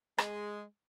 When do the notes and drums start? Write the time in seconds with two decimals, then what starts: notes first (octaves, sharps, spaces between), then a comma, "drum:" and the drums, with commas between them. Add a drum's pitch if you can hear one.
0.18 G#3, drum: rim click